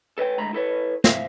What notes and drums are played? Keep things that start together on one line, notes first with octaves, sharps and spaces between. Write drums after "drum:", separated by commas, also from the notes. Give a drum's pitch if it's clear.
A4 B4 C#5 G5
D2 A2 G#3 A#5 B5
E4 A4 B4 C#5
C5 E5 F5, drum: snare